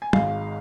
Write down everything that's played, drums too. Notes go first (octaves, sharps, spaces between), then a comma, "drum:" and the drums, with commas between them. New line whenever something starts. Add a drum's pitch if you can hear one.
G#5
G#1 G#2 G#3 F5, drum: tom